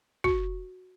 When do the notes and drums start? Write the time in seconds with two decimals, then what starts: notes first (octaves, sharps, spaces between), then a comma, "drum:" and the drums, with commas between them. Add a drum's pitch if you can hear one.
0.24 F#4, drum: kick